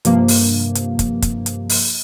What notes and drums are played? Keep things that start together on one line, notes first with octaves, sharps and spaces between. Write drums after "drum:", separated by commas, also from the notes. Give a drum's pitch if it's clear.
G2 C3 F3 A#3, drum: hi-hat
drum: open hi-hat
drum: hi-hat
drum: kick, hi-hat
drum: kick, hi-hat
drum: hi-hat
drum: open hi-hat